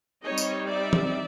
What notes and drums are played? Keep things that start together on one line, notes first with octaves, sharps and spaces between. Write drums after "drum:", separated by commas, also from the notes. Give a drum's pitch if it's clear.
G3 C4 D#4 C#5 D#5
drum: tambourine
D5 E5
drum: tom E3